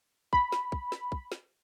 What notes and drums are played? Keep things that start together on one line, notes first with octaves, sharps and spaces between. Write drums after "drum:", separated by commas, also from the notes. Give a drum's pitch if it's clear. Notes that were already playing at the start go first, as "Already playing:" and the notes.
B5, drum: kick
drum: snare
drum: kick
drum: snare
drum: kick
drum: snare